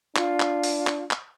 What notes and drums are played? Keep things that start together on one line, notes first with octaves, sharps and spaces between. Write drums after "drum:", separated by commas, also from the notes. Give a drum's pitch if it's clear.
D4 F4, drum: clap
drum: clap
drum: open hi-hat
drum: clap
drum: clap